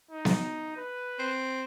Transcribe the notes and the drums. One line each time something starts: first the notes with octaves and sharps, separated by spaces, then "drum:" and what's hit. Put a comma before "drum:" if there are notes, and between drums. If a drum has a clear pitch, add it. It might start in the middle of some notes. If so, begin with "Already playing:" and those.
D#4
drum: snare B3
B4
C4